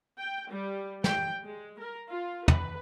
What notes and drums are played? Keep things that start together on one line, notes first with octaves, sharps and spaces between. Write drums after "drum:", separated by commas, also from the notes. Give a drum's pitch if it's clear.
G5
G3
G5, drum: snare
G#3
A#4
F4
B4, drum: tom